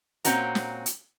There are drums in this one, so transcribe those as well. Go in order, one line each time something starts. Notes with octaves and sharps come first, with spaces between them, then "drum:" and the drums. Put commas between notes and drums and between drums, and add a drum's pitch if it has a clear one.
A#2 F3 C4 C#4 F#4 A#5, drum: hi-hat
drum: snare
drum: hi-hat